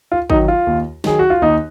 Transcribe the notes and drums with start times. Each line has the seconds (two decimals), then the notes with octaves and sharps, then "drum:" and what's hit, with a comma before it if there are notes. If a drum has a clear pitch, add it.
0.12 F4
0.30 D#3 F#3 D#4, drum: kick G#1
0.48 F4
0.67 D#2
1.04 D#3 F#3 G#4, drum: snare
1.19 F#4
1.30 F4
1.42 D#2 D#4